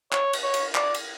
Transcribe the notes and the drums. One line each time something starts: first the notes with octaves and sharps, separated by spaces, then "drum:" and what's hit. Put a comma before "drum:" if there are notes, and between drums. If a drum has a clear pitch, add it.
C#5, drum: clap
drum: cymbal
C#5
drum: cymbal
D5, drum: clap
drum: cymbal